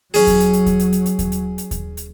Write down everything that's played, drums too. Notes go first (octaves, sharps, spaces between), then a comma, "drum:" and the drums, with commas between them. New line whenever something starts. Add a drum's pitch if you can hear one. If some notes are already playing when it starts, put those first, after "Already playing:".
F#3 C#4 G#4, drum: open hi-hat
drum: kick D#2, hi-hat
drum: hi-hat
drum: hi-hat
drum: kick D#2, hi-hat
drum: hi-hat
drum: hi-hat
drum: hi-hat
drum: kick D#2, hi-hat
drum: hi-hat
drum: hi-hat
drum: kick D#2, hi-hat
drum: hi-hat